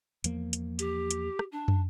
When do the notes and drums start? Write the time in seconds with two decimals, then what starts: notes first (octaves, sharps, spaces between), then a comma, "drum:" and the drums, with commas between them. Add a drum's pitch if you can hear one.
0.24 E2 F3 A#3, drum: hi-hat
0.53 drum: hi-hat
0.79 G4, drum: hi-hat
1.11 drum: hi-hat
1.39 drum: rim click
1.52 D4
1.68 drum: tom